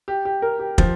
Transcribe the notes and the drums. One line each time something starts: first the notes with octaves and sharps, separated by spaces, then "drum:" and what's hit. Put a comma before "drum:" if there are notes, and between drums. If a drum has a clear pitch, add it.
G4
G4
A#4
G4
F3, drum: kick